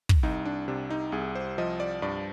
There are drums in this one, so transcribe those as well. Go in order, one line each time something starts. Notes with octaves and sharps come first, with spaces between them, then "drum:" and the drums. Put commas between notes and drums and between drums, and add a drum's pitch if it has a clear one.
drum: kick
C2 D#4
D4
C3 D4
D#4
C2 G#4
C5
F3 D#5
D5
G2 D5